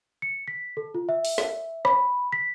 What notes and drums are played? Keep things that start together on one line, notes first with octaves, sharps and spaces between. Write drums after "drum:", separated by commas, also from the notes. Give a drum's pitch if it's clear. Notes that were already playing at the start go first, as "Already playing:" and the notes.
C#7
B6
A4
F4
E5
drum: open hi-hat
drum: snare
B5, drum: rim click
B6